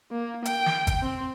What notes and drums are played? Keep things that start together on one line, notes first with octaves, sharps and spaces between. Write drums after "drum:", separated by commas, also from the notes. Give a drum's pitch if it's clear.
A#3
G5, drum: hi-hat
drum: snare
drum: kick G1, hi-hat
C4